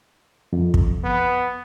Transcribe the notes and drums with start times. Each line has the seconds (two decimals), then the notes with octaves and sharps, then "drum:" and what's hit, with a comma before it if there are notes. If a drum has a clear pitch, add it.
0.53 F2
0.74 drum: kick
1.04 B3